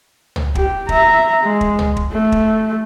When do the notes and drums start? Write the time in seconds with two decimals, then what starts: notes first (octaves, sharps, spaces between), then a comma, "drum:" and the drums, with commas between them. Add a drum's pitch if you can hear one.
0.36 drum: tom
0.55 G4, drum: kick
0.89 E5 A#5, drum: kick
1.43 G#3
1.61 drum: kick
1.79 drum: tom
1.97 drum: kick
2.12 A3
2.32 drum: kick